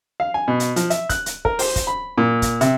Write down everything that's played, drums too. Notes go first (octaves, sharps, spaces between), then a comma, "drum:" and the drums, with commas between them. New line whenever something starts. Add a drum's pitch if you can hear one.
F5
G#5
B2
drum: hi-hat
F3, drum: hi-hat
E5, drum: hi-hat
F#6, drum: kick, hi-hat
drum: hi-hat
A#4, drum: kick
C5, drum: open hi-hat
drum: kick, hi-hat
B5
A#2
drum: kick, hi-hat
C3, drum: hi-hat